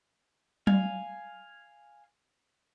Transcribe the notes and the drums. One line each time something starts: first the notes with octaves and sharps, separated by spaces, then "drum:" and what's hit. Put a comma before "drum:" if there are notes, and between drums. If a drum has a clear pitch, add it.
F5 G#5, drum: tom F#3